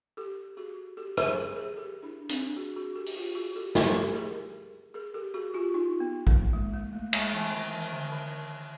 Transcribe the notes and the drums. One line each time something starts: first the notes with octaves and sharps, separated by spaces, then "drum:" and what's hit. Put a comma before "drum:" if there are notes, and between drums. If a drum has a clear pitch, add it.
G4 A4
F#4 G#4
G4 A4
G#4 A#4, drum: rim click
G#4 A#4
G#4 A#4
G4 A4
D4 E4
C4 D4, drum: hi-hat
F#4 G#4
F#4 G#4
G4 A4
drum: open hi-hat
F4 G4
F#4 G#4
G4 A4
G4 A4, drum: snare
G4 A4
G#4 A#4
G#4 A#4
G4 A4
F#4 G#4
F4 G4
D#4 F4
B3
A#3, drum: kick A#1
G#3
A#3
A3
G#3, drum: cymbal
E3
D#3
E3
D3
D#3